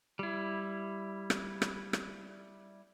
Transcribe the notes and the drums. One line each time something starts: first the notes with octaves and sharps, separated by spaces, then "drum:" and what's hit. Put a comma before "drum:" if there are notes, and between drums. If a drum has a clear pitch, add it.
G3 E4
drum: rim click
drum: rim click
drum: rim click